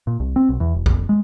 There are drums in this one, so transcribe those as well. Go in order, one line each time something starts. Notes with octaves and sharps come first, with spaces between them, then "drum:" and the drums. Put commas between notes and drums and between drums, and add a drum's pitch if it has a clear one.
A#2
C2
C4
B1
E2
E1
F1, drum: kick B1
G#3